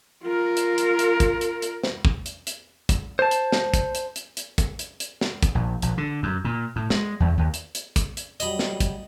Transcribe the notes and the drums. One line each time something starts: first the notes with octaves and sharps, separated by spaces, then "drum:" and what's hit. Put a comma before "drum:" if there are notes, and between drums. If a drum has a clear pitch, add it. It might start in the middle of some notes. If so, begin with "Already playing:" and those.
F4 A#4
drum: hi-hat
drum: hi-hat
drum: hi-hat
drum: kick, hi-hat
drum: hi-hat
drum: hi-hat
drum: snare
drum: kick
drum: hi-hat
drum: hi-hat
drum: kick, hi-hat
C5 A5
drum: hi-hat
drum: snare
drum: kick, hi-hat
drum: hi-hat
drum: hi-hat
drum: hi-hat
drum: kick, hi-hat
drum: hi-hat
drum: hi-hat
drum: snare
drum: kick, hi-hat
A#1
A#1, drum: hi-hat
D3
F#2
A#2
A2
G#3, drum: snare
E2
D#2
drum: hi-hat
drum: hi-hat
drum: kick, hi-hat
drum: hi-hat
F#3 G3 F#4 D#5 B5, drum: hi-hat
drum: snare
drum: kick, hi-hat